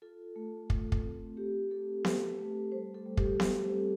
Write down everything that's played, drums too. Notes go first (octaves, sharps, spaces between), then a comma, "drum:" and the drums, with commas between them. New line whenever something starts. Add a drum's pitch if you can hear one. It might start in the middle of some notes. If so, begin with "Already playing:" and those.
F4 A4
A3
A3, drum: kick
drum: kick
C4
A3 G4
A3 A4
A3 B4, drum: snare B3
A3
G3 C5
A4
G3
G4, drum: kick
G3 A4, drum: snare B3
C4